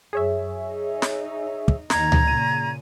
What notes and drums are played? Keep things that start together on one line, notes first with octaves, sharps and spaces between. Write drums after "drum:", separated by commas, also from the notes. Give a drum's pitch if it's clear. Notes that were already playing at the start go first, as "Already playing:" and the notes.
F#2 G#4 C#5 E5
D#4
drum: snare
drum: kick
D#2 D#4 A#5 G#6, drum: snare
drum: tom C#2
A#2 C#3 D#7